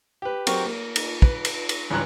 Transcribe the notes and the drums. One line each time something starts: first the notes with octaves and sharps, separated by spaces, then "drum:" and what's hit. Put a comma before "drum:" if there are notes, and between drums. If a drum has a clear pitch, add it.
G4 B4
F#3 C4 F#4 G4 A#4, drum: cymbal
A#3
drum: cymbal
B4, drum: kick
drum: cymbal
drum: cymbal
C#2 G2 E3 C#5 A#5 F#6